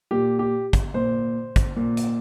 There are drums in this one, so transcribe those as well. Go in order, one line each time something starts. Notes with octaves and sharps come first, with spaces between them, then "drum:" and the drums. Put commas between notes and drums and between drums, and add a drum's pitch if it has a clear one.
A#2 G4
G4
drum: kick, hi-hat
A#2 C5
drum: kick, hi-hat
A#2
drum: hi-hat